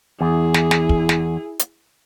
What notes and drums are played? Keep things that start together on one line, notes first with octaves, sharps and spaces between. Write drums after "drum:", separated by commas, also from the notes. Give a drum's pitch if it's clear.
E2 E4 G#4
drum: snare
drum: snare
drum: kick
drum: snare
drum: hi-hat